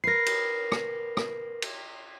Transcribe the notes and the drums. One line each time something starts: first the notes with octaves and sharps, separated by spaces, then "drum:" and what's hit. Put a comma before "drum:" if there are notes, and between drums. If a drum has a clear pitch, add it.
A#4 B4 A#6 C7
drum: cymbal
drum: rim click
drum: rim click
drum: cymbal